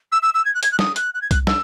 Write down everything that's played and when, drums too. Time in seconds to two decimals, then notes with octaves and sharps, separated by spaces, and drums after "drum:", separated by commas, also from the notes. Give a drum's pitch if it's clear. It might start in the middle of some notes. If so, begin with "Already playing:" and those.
0.12 E6
0.22 E6
0.34 E6
0.45 G#6
0.54 F#6
0.63 G#6, drum: hi-hat
0.71 F#6
0.79 D#6, drum: snare
0.96 F#6, drum: hi-hat
1.14 F#6
1.22 G#6
1.31 F#6, drum: kick C2, hi-hat
1.47 E6, drum: snare